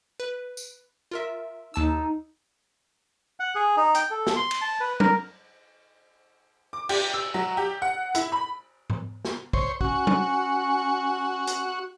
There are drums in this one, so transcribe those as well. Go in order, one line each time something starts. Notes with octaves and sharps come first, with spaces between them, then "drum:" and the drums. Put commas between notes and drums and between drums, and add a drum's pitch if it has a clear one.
B4
drum: tambourine
F4 A#4 E5
D#2 D#4 A5 E6
F#5
G#4
D#4
G5, drum: hi-hat
A4
drum: snare
C6
drum: cymbal
A5
B4
A#4, drum: tom F#3
D6
G4, drum: cymbal
E6
F#3
G4
F#5
E4, drum: hi-hat
B5
drum: tom G#2
drum: snare
C5 C#5, drum: kick
C#4 F#4 C#6, drum: kick
drum: tom F#3
drum: hi-hat